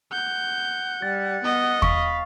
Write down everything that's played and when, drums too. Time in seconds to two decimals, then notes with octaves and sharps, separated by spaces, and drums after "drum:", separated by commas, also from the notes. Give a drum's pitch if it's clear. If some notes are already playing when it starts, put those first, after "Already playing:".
0.12 F#5 G6
1.02 G3 A6
1.45 B3 D#5
1.82 F5 B5 C#6, drum: kick